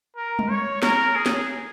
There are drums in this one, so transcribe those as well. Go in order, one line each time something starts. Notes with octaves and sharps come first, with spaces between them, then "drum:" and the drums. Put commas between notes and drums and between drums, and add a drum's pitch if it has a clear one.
A#4
drum: tom G3
C#5
A#4, drum: snare
G#4
drum: snare